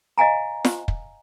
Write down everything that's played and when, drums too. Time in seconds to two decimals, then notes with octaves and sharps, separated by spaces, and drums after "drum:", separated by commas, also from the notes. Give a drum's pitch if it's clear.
0.18 D#5 F5 G#5 A#5
0.65 drum: snare
0.88 drum: kick